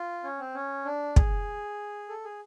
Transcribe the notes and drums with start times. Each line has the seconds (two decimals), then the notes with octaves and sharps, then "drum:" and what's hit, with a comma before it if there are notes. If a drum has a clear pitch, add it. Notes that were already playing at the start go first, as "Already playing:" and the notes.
Already playing: F4
0.24 C#4
0.39 C4
0.55 C#4
0.85 D4
1.16 G#4, drum: kick
2.09 A4
2.24 G#4